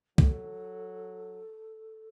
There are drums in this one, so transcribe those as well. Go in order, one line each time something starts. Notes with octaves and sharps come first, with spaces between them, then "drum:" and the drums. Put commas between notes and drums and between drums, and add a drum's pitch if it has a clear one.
F#3 A4, drum: kick C2